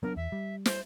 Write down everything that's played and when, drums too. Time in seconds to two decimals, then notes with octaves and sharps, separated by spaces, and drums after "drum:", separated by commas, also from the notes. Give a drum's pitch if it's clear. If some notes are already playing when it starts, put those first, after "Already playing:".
0.03 F#3 B3 D4 A#4
0.16 E2 E5
0.32 G3
0.66 C5, drum: snare